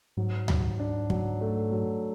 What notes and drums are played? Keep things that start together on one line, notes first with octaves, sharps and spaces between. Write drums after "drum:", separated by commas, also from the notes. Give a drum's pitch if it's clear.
G#2 F#3
F#3, drum: tom D2
D4
F#3, drum: kick
A3
F#3